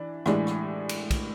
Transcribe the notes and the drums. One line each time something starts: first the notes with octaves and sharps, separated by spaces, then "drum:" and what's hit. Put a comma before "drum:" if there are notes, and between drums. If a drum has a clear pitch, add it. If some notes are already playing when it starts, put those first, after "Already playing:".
Already playing: E3 D4
A2 E3 G#3 D4, drum: rim click
drum: rim click
drum: cymbal
drum: kick, cymbal